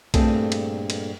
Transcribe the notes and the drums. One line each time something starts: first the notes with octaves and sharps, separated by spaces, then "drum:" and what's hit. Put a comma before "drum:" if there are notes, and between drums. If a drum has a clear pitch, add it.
G2 A#2 A3 C4 G#4 A4, drum: kick B1, cymbal
drum: cymbal
drum: cymbal